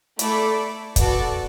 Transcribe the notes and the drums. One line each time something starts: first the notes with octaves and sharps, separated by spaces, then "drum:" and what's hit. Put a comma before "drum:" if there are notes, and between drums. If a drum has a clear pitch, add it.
A3 E4 A4 D5, drum: hi-hat
B3 F#4 A4 D5 A5, drum: kick, hi-hat